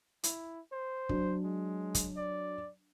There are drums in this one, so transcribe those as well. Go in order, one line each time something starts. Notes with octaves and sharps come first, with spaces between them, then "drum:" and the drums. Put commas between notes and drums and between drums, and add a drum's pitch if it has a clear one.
E4, drum: hi-hat
C5
F#3 D4, drum: kick
G#3
drum: kick, hi-hat
D5